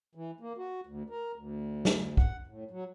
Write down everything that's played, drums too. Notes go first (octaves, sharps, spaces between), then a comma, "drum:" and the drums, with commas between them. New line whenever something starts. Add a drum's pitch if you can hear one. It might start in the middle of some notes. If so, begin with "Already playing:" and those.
E3
A#3
F#4
D2
A#4
D2
drum: snare
F#5, drum: kick
A2
F#3